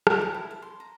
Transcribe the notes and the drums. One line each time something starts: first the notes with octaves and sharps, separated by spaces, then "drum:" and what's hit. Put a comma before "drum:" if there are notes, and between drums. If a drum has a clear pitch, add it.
G4, drum: rim click
G#5
E4
A5
C6
A#5